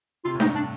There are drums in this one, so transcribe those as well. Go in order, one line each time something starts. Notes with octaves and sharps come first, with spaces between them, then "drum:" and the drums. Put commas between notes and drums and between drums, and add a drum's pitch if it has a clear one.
C3 F4
A2
D#4, drum: snare D4
G2
D4